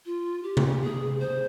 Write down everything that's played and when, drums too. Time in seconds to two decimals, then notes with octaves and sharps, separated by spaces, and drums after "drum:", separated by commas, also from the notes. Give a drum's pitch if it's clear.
0.06 F4
0.44 G4
0.57 drum: tom C3
0.82 G#4
1.20 C5